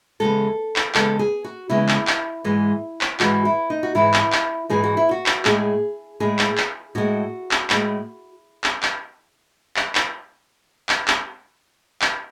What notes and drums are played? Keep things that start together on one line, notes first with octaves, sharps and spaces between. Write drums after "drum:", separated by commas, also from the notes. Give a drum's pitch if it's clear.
E2 C#3 G#3 A4
drum: clap
E2 C#3 G#3 A4, drum: clap
G#4
F#4
E2 C#3 G#3 E4
drum: clap
drum: clap
G#2 E3 G#3
drum: clap
G#2 E3 G#3 F#4, drum: clap
E4
D#4
F#4
G#2 E3 G#3 E4
drum: clap
drum: clap
G#2 E3 G#3 G#4
F#4
E4
F#4
drum: clap
A2 G#3 G#4, drum: clap
A2 G#3 G#4
drum: clap
drum: clap
A2 G#3 F#4
drum: clap
A2 G#3, drum: clap
drum: clap
drum: clap
drum: clap
drum: clap
drum: clap
drum: clap
drum: clap